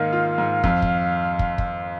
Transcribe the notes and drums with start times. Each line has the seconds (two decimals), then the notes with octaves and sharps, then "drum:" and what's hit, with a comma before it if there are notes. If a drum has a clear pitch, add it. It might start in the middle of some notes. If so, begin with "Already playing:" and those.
Already playing: G#2 D#3 A#3 F5
0.13 F4
0.38 G#2
0.64 F2, drum: kick
0.82 drum: kick
1.39 drum: kick
1.58 drum: kick